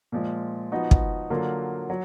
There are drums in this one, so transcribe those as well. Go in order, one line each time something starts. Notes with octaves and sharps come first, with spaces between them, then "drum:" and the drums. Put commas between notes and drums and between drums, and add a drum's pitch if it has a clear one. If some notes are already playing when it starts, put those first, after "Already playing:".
A#2 F3 G#3
F3 B3 D#4 F#4
drum: kick
D3 F#3 A#3 F4
F#3